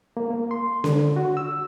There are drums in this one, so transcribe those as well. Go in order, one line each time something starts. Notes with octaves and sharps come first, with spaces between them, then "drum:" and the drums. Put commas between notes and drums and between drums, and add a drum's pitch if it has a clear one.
A#3
A#3
C6
D3, drum: snare C#4
F#4
E6